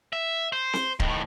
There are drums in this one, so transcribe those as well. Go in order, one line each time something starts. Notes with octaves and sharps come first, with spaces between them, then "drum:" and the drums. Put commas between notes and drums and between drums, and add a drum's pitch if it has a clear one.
E5
C5
drum: snare C4
A2 D#3, drum: kick C#1